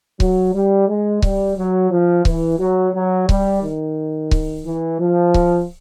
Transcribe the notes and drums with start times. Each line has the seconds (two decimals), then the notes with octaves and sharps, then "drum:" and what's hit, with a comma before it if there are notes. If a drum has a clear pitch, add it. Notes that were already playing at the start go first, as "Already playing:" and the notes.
0.20 F#3, drum: kick C#1
0.54 G3
0.89 G#3
1.22 G3, drum: kick C#1
1.57 F#3
1.91 F3
2.25 E3, drum: kick C#1
2.60 F#3
2.94 F#3
3.29 G3, drum: kick C#1
3.63 D#3
4.31 drum: kick C#1
4.66 E3
5.00 F3
5.34 drum: kick C#1